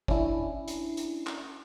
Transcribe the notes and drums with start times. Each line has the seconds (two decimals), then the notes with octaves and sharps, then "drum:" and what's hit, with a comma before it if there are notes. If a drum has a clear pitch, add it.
0.08 C#4 D4 E4, drum: kick G#1
0.68 drum: hi-hat
0.97 drum: hi-hat
1.27 drum: clap